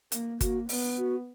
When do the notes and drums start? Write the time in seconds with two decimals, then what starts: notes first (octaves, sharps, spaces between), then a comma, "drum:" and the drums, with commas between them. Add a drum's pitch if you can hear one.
0.12 A#3, drum: hi-hat
0.41 A#3 F#4, drum: kick G1, hi-hat
0.69 B3, drum: open hi-hat
0.98 F#4